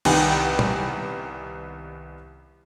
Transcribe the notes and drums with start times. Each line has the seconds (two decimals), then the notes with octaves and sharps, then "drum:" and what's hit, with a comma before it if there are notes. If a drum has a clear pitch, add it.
0.05 C2 D#3 B3 G5 G#5, drum: cymbal
0.59 drum: tom A#2